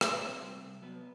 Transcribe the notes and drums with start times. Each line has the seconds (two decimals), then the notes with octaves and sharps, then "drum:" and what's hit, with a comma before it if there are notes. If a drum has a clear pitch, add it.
0.01 B2 C5, drum: rim click
0.13 C#5
0.21 C2 C4 C5
0.42 G3
0.62 C2
0.82 F#3 B3 B4